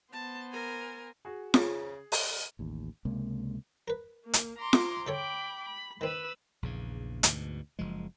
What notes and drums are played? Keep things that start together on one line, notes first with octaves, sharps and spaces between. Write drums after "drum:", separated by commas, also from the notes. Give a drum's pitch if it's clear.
B3 C5 A5
A#4 G#5
F#4 G#4
C#3 G#4, drum: snare F4
drum: open hi-hat
A1 D#2
C#2 C3 G#3 A#3
A#4 B4
A#3
drum: hi-hat
A#5 C6 D6
drum: snare F4
D3 A4 C#5 G5 B5 D6
B5
D#3 C4 B4 B5 E6
A#1 E2 C#3
D2 G#2 B2, drum: hi-hat
F#1 F3 G#3